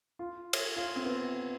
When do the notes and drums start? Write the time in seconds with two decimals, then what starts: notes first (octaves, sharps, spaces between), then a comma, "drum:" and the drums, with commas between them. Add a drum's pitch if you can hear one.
0.19 F4
0.53 drum: cymbal
0.76 F4
0.96 C4
1.05 B3